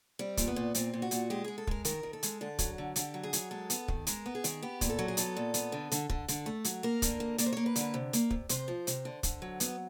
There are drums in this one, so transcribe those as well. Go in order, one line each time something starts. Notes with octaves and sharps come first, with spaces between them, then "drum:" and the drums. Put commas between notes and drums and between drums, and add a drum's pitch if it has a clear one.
G3 C4
A#2, drum: kick, hi-hat
B3
A#2
A#2 C4, drum: hi-hat
A#2
F#4
A#2, drum: hi-hat
G#3 G4
G#3 G#4
A4
G#3 A#4, drum: kick
D#3 A#4, drum: hi-hat
D#3
A4
G#3, drum: hi-hat
D3 A4
F#3, drum: kick, hi-hat
D3
D3 G4, drum: hi-hat
F#3
G#4
F#3, drum: hi-hat
G#3 A4
B3, drum: hi-hat
D#3, drum: kick
G#3 A#4, drum: hi-hat
B3
G#4
D#3, drum: hi-hat
B3 G4
A#2, drum: kick, hi-hat
A4
F#3
G#4
B3 A4, drum: hi-hat
A#2
B3, drum: hi-hat
D3
D3, drum: hi-hat
D3, drum: kick
D3, drum: hi-hat
A3
F#3, drum: hi-hat
A#3 A#4
D3, drum: kick, hi-hat
A#3
A#3 D5, drum: hi-hat
C5
A#3 C#5
B4
D3, drum: hi-hat
B4
C3
A#3, drum: hi-hat
C3, drum: kick
C3 C5, drum: hi-hat
F3
C3, drum: hi-hat
D3
D3, drum: kick, hi-hat
F#3
B3, drum: hi-hat